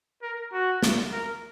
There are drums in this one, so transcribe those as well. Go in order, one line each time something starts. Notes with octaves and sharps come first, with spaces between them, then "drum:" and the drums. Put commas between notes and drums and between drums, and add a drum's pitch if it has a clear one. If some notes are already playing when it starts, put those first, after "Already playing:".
A#4
F#4
drum: snare
A#4